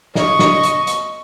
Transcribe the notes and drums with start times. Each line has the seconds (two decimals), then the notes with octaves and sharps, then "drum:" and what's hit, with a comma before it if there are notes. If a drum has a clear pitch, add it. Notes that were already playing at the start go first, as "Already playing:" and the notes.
0.15 D#5 C#6, drum: snare
0.39 drum: snare
0.63 drum: hi-hat
0.87 drum: hi-hat